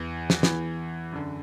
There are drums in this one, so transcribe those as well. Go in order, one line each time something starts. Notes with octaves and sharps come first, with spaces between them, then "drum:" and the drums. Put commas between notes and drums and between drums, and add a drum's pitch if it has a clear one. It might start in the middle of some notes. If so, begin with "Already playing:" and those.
Already playing: E2 E3
drum: snare
E2 E3, drum: snare
F#2 D3